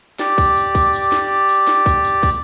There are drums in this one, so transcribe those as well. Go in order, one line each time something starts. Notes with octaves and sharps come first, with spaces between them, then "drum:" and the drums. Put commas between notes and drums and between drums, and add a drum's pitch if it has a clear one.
G4 D5, drum: snare
drum: kick, tambourine
drum: tambourine
drum: kick, tambourine
drum: tambourine
drum: snare
drum: tambourine
drum: snare
drum: kick, tambourine
drum: tambourine
drum: kick, tambourine